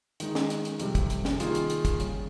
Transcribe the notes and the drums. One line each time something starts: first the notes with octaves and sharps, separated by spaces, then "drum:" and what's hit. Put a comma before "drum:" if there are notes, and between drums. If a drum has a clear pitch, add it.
D#3 G#3 D#4, drum: hi-hat
drum: snare C#4
drum: hi-hat
drum: hi-hat
F2 C3 G3, drum: hi-hat
drum: kick, hi-hat
drum: hi-hat
drum: snare C#4
D#3 A#3 F4 G#4, drum: hi-hat
drum: hi-hat
drum: hi-hat
drum: kick, hi-hat
C#3 G3 C#4, drum: hi-hat